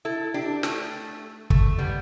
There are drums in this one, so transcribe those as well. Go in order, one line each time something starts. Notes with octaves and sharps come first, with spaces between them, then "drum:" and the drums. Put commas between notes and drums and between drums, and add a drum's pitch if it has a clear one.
E4 A4
D4 G4
A3, drum: snare
A3, drum: kick
G3 B3